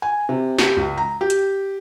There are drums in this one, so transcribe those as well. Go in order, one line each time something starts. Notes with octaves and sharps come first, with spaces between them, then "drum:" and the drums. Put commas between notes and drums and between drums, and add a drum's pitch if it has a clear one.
G#5
C3
G4, drum: snare
C#2
A#5
G4
drum: hi-hat